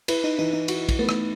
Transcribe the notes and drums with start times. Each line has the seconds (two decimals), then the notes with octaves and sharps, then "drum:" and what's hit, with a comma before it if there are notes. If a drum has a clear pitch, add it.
0.08 E4 B4, drum: cymbal
0.24 D#4
0.39 E3 D#4
0.53 D#4
0.68 F#4, drum: cymbal
0.89 drum: kick, cymbal
0.99 A3 B3
1.09 drum: rim click